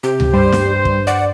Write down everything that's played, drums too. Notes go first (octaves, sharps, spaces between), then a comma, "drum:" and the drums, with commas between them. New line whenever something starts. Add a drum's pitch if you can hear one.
C3 G4
drum: tom C#2
G2 G3 C5
drum: snare
drum: kick
D5 F#5